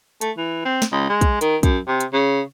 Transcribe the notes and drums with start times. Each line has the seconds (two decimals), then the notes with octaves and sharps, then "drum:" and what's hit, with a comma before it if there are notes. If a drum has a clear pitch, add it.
0.21 A3, drum: hi-hat
0.37 E3
0.65 C4
0.82 drum: snare
0.92 C#2
1.10 G#3
1.21 drum: kick, hi-hat
1.41 D#3, drum: hi-hat
1.63 F#2, drum: kick, hi-hat
1.88 C3
2.00 drum: hi-hat
2.13 C#3